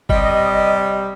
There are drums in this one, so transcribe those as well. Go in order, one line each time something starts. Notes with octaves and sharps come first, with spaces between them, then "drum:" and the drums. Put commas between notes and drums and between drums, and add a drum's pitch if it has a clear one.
C3 G3 D#5, drum: kick G1